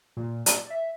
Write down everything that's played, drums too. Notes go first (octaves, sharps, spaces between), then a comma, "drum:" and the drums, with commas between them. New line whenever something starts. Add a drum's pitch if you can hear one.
A#2
D5, drum: hi-hat
E5